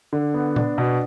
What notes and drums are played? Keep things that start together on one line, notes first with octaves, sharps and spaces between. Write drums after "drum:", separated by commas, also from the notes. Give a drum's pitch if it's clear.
D3
B3
D4, drum: tom A#2
B2